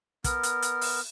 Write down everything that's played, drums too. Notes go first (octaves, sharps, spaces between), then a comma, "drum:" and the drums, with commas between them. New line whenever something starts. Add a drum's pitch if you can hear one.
B3 A#4, drum: kick, hi-hat
drum: hi-hat
drum: hi-hat
drum: open hi-hat